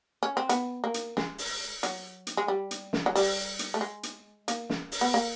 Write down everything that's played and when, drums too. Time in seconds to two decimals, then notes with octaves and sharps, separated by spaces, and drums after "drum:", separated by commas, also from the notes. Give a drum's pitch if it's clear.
0.23 C#4
0.37 C4
0.49 B3, drum: hi-hat
0.84 A#3
0.94 drum: hi-hat
1.17 G#3, drum: snare
1.38 drum: open hi-hat
1.83 F#3, drum: hi-hat
2.27 drum: hi-hat
2.37 G#3
2.48 G3
2.71 drum: hi-hat
2.93 drum: snare
3.06 F#3
3.15 G3, drum: open hi-hat
3.59 drum: hi-hat
3.74 A3
3.81 G#3
4.03 drum: hi-hat
4.48 A#3, drum: hi-hat
4.70 drum: snare
4.92 drum: open hi-hat
5.01 B3
5.14 A#3